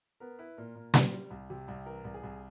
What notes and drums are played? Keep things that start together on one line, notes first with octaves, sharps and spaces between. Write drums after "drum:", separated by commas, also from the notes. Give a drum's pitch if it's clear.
B3 A#4
E4 B4
A#2 A#4
A#2
A#2, drum: snare
G3
C2
C3
C2
E3 A#4
C2
G#4
C2